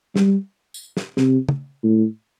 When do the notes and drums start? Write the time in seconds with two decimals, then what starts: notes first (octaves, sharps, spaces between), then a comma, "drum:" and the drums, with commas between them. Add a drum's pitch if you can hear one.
0.16 G3, drum: snare
0.74 drum: tambourine
0.97 drum: snare
1.17 C3, drum: snare
1.49 drum: tom
1.84 A2